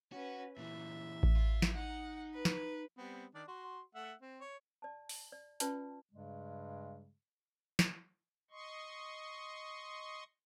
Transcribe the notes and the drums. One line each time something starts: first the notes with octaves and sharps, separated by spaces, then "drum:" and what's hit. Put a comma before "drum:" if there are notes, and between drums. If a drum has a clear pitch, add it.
C#4 F#4 B4
A#2 E3 E5
drum: kick A1
F4
drum: snare
D#4 F#5
B4
drum: snare
G3 B3 C4
D#3 D4 D5
F#4 C6
A3 E5 F#5
C4
C#5
D5 A5
drum: open hi-hat
D5
C#4 F4 B4 D5 G5 A5, drum: hi-hat
G2 C#3 G3 G#3
drum: snare
D#5 C6 C#6